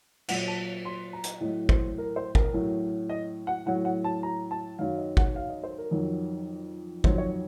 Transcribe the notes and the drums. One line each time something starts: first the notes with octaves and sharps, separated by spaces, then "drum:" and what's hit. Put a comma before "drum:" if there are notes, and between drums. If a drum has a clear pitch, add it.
A#2 F#3 F#5, drum: cymbal
A5
C6
A#5
drum: hi-hat
A2 F#3 D#5
C5, drum: kick
A#4
C5
A#4, drum: kick
A2 F#3
D#5
F#5
A2 F#3 F#5
F#5
A5
A#5
A5
F#2 D#3 F#3 F5
D#5
F#5, drum: kick
F5
D#5
C5
A#4
F2 D#3 F#3
F2 D#3 F#3 C5, drum: kick
C#5